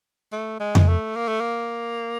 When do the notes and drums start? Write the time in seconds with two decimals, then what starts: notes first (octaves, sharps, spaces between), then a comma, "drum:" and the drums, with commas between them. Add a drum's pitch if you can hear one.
0.32 A3
0.60 G#3
0.75 drum: tom F2
0.89 A3
1.16 A#3
1.28 A3
1.40 A#3